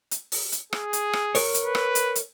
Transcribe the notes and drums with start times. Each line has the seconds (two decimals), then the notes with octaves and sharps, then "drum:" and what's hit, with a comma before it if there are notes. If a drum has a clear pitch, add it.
0.11 drum: hi-hat
0.32 drum: open hi-hat
0.52 drum: hi-hat
0.73 G#4, drum: rim click
0.93 drum: hi-hat
1.13 drum: rim click
1.35 A#4 C#5, drum: open hi-hat
1.54 drum: hi-hat
1.64 B4
1.75 drum: rim click
1.95 drum: hi-hat
2.15 drum: hi-hat